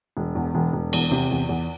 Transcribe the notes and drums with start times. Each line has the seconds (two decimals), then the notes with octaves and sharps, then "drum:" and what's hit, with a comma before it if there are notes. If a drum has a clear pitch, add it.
0.17 E1
0.35 E2
0.55 E1
0.73 E1
0.93 E2, drum: cymbal
1.11 C3
1.31 E2
1.49 E2